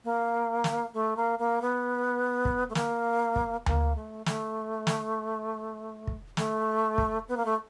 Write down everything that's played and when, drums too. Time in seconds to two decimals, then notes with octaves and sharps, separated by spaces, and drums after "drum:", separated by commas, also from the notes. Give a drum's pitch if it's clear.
0.04 A#3
0.64 drum: snare
0.94 A3
1.17 A#3
1.39 A#3
1.62 B3
2.45 drum: kick
2.70 A3
2.75 A#3, drum: snare
3.36 drum: kick
3.66 A#3, drum: tom D2
3.96 A3
4.26 A3, drum: snare
4.87 drum: snare
6.07 drum: kick
6.37 A3, drum: snare
6.98 drum: kick
7.28 B3
7.37 A#3
7.45 A3